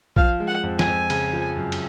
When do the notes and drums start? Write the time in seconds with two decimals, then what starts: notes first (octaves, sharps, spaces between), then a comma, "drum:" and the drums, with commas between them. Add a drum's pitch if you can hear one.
0.16 F3 F5, drum: kick A#1
0.40 G#3
0.48 F#5
0.63 F2
0.79 G#5, drum: snare
0.87 F2
1.10 C#3, drum: cymbal
1.33 F3
1.57 F#2
1.72 drum: cymbal